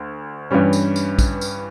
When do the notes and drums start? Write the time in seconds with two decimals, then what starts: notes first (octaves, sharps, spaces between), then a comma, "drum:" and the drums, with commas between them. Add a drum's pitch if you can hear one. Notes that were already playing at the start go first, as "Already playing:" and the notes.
Already playing: D2
0.51 G2 E3 G3 C#4
0.73 drum: tambourine
0.96 drum: tambourine
1.19 drum: kick A#1, tambourine
1.41 drum: tambourine